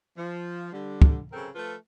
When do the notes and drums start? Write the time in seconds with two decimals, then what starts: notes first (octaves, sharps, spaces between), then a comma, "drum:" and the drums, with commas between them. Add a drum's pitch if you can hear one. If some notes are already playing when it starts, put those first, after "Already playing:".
0.17 F3
0.73 D3 G3
1.02 drum: kick
1.33 F#2 C#3 C4 C#4 A4 A#4
1.55 F3 A3 F4 A4 B4